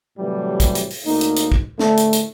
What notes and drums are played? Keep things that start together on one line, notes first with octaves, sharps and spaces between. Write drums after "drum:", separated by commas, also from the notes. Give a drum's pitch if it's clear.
A2 C3 E3 F#3 G3
drum: kick, hi-hat
drum: hi-hat
drum: open hi-hat
D2 A#3 D#4, drum: open hi-hat
drum: hi-hat
drum: hi-hat
drum: kick
A2 D3 A3, drum: snare
drum: hi-hat
drum: hi-hat